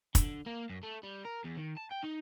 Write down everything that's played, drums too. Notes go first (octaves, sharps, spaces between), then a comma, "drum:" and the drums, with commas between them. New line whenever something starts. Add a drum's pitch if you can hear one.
D3, drum: kick, hi-hat
A#3
F#2
A3
G3
A#4
E2
D#3
A5
G5
D#4